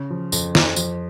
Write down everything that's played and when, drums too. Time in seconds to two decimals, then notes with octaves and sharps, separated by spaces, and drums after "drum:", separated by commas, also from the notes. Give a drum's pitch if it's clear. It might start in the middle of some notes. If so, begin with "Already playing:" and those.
Already playing: C#3
0.10 F3
0.32 F2, drum: tambourine
0.55 F2, drum: snare
0.76 F3, drum: tambourine